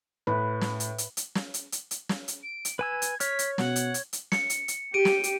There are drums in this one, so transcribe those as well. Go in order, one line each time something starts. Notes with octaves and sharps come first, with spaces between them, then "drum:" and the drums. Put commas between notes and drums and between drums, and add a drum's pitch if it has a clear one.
A2 B4
drum: snare
drum: hi-hat
drum: hi-hat
drum: hi-hat
drum: snare
drum: hi-hat
drum: hi-hat
drum: hi-hat
drum: snare
drum: hi-hat
D7
drum: hi-hat
B4 G#5 E6 G#6
drum: hi-hat
C#5 F6 B6, drum: hi-hat
drum: hi-hat
B2 F#5, drum: snare
drum: hi-hat
drum: hi-hat
drum: hi-hat
C#7, drum: snare
drum: hi-hat
drum: hi-hat
G4 D7 D#7
drum: snare
drum: hi-hat